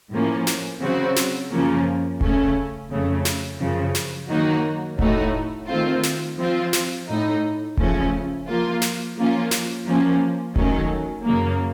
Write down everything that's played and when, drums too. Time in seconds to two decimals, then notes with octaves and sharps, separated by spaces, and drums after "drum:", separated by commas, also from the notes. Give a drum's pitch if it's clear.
0.11 A2 F3 A#3 C#4
0.47 drum: snare
0.81 C#3 F#3 C4 F#4
1.16 drum: snare
1.51 F#2 C#3 F3 A#3 C#4
2.21 C#3 A3 C#4, drum: kick E1
2.91 F2 C#3 A3
3.25 drum: snare
3.60 F#2 C#3 F3
3.95 drum: snare
4.29 D#3 F#3 A#3 D#4 F#4
4.99 A2 A3 D#4 F#4, drum: kick E1
5.68 D#3 A3 C4 F4
6.03 drum: snare
6.38 F3 C4 F4
6.73 drum: snare
7.07 A2 A3 D#4
7.77 C#3 F3 A3 C#4, drum: kick E1
8.47 F3 A#3 F4
8.82 drum: snare
9.17 F3 A#3 C#4 F4
9.51 drum: snare
9.86 F3 A#3 C#4
10.56 D#3 F#3 A3 C#4, drum: kick E1
11.25 F#2 C#3 F#3 A#3